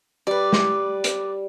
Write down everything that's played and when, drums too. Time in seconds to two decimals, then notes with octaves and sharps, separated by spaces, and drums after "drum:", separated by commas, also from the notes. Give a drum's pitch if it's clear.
0.27 G3 B4 D5
0.53 drum: snare
1.04 drum: hi-hat